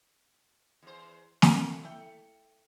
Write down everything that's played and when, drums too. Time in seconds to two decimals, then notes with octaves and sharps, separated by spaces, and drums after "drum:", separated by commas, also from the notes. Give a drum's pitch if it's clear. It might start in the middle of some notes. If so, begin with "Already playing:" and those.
0.83 E2 C5
1.42 A3 G#5, drum: snare
1.83 E4 G5